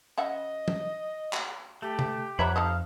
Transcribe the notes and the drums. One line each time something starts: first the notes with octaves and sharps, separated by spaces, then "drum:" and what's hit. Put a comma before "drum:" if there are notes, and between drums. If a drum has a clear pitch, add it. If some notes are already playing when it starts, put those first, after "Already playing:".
C#3 D#5 E5 F#5
drum: tom F3
drum: clap
A3 G4
drum: tom C3
F2 C#5 E5 F#5 A#5 B5
D#4 A4 D#5 F5